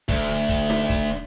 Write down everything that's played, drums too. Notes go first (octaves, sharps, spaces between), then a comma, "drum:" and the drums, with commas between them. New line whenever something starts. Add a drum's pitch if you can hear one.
D2, drum: kick, hi-hat
drum: kick, hi-hat
drum: snare D#4
drum: kick, hi-hat